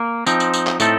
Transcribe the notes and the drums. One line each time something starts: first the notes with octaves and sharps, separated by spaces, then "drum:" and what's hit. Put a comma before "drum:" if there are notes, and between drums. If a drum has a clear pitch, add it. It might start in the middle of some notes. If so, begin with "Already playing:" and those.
Already playing: A#3
F3 C4 D#4, drum: tambourine
drum: tambourine
drum: tambourine
drum: clap
A2 A3 C4 D#4 A4, drum: tambourine